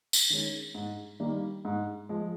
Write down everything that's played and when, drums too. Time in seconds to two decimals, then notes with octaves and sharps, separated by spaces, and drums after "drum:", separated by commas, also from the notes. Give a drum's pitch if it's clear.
0.13 drum: tambourine
0.30 D#3 G#3 C#4
0.75 G#2
1.20 D#3 G3 A#3
1.65 G#2
2.09 F3 G#3